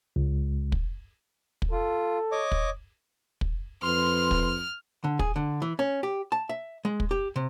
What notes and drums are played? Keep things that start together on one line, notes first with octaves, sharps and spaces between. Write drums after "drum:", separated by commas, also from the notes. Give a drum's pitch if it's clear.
C#2
drum: kick
drum: kick
F4 A4
C#5 D#5 D6
drum: kick
drum: kick
F2 B4 C6 F6
drum: kick
D3
G#4, drum: kick
D3
E3
C#4
G4
A5
E5
G#3
drum: kick
G4
C3